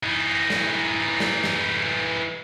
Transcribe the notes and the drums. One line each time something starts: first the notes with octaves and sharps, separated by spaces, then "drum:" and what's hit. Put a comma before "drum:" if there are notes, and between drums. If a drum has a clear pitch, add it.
E3 D#4
drum: snare
drum: snare
drum: snare